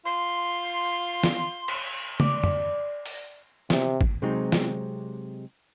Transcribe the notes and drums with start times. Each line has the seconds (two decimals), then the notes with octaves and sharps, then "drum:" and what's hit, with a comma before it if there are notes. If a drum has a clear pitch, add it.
0.05 F4 C6
1.23 drum: snare
1.68 drum: cymbal
2.20 D5, drum: tom
2.44 drum: tom
3.05 drum: open hi-hat
3.70 C3, drum: snare
4.01 drum: kick
4.22 C3 F#3 G#3 C4 D#4
4.52 drum: snare